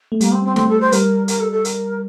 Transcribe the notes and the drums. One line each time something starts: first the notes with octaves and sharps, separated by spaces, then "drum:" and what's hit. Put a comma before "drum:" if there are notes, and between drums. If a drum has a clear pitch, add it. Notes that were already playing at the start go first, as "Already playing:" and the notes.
A3
G3 A#3, drum: hi-hat
C4
C4
A3 C4, drum: snare
A4
C5
G3 A#4, drum: hi-hat
A#4, drum: hi-hat
A4
A4
A#4, drum: hi-hat